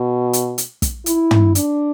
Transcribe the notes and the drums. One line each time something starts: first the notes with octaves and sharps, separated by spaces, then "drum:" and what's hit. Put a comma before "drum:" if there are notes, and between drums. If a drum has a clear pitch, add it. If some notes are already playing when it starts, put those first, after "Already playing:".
Already playing: B2
drum: hi-hat
drum: hi-hat
drum: kick, hi-hat
E4, drum: hi-hat
drum: tom
D4, drum: hi-hat